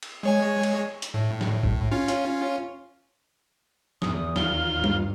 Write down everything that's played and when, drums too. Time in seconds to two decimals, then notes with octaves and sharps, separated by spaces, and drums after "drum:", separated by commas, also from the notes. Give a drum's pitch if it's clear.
0.03 drum: cymbal
0.23 G#3 C#5 G#5
0.63 drum: cymbal
1.02 drum: hi-hat
1.14 A2
1.41 drum: snare
1.63 drum: kick
1.91 C#4 F4
2.08 drum: hi-hat
4.02 E2 D#6, drum: snare
4.36 D#2 F4 G7, drum: snare
4.74 G2
4.84 drum: tom G3